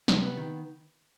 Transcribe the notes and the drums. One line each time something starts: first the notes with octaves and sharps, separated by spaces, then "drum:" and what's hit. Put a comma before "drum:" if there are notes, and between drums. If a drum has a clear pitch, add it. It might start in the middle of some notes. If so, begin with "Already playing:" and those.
C3, drum: snare
B3
D#3